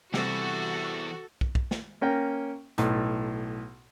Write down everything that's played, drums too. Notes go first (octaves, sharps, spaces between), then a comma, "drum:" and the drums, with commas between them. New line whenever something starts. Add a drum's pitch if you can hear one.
E2 C3 G3 F#4 A4, drum: snare
drum: kick
drum: kick
drum: snare
A#3 C#4 A#4 G5
B1 A2 A3, drum: hi-hat